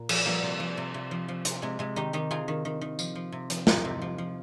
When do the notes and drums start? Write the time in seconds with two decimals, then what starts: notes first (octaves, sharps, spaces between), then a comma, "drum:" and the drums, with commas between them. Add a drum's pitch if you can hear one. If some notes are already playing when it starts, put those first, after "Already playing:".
Already playing: A#2
0.09 F3, drum: cymbal
0.26 F3 G3 A#3
0.43 C3
0.60 F3
0.77 C3
0.94 C3
1.11 F3
1.28 F3
1.45 C3, drum: hi-hat
1.62 C3 G#3
1.79 C3 G#3
1.96 D#3 D#4 G4
2.13 D#3 D#4 G4
2.31 C3 F4 G#4
2.48 D#3
2.65 D#3
2.81 D#3
2.99 F3, drum: tambourine
3.15 F3
3.32 C3
3.50 F3, drum: hi-hat
3.67 F3 D#4 G4, drum: snare
3.85 C3
4.02 F3
4.18 F3